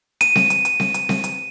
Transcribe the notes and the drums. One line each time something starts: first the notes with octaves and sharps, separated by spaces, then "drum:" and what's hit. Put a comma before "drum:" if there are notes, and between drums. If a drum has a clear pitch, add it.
D#7, drum: hi-hat
drum: snare C4
drum: hi-hat
drum: hi-hat
drum: snare C4
drum: hi-hat
drum: snare C4
drum: hi-hat